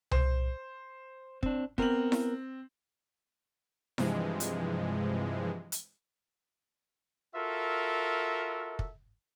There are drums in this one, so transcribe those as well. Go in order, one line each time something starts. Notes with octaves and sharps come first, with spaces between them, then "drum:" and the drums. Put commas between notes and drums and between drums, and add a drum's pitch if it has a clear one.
C5, drum: tom C2
C4 D4, drum: kick
B3 C4 A#4 F#7, drum: kick
drum: snare E4
G2 C3 E3 F3 G#3, drum: snare E4
drum: hi-hat
drum: hi-hat
F4 F#4 A4 A#4 E5
drum: kick